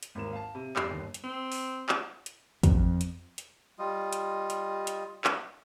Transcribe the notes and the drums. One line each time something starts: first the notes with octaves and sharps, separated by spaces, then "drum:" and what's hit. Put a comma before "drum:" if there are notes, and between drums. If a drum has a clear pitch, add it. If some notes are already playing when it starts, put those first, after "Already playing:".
drum: hi-hat
G#1 D#2 A#4 E7
F5 A5
C3
F2 G3 E5 B5 D6 C7, drum: clap
G1 D#2
drum: hi-hat
C4
drum: open hi-hat
drum: clap
drum: hi-hat
F2, drum: kick, hi-hat
drum: hi-hat
drum: hi-hat
G3 F4 D#5
drum: hi-hat
drum: hi-hat
drum: hi-hat
drum: clap